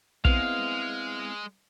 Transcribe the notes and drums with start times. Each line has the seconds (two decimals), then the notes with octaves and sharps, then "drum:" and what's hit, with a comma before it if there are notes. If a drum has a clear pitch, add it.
0.25 G#3 B3 C4 E4 F5, drum: kick